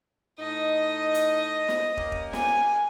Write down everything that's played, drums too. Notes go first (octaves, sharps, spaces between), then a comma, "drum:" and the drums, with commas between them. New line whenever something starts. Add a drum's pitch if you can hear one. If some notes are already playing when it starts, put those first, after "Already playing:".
A2 D#4 D#5
drum: hi-hat
drum: snare
A#3 C#4 G4, drum: kick
drum: kick
G#5, drum: snare